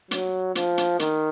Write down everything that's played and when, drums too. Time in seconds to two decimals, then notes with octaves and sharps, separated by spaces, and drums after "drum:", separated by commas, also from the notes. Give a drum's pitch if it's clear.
0.11 F#3, drum: hi-hat
0.55 F3, drum: hi-hat
0.78 drum: hi-hat
0.99 D#3, drum: hi-hat